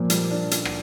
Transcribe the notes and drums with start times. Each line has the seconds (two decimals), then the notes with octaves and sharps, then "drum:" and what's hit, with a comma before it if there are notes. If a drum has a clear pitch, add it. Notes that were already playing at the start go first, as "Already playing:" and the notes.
Already playing: A#2 F3 A#3
0.10 G3, drum: hi-hat
0.31 D4
0.51 drum: hi-hat
0.65 drum: rim click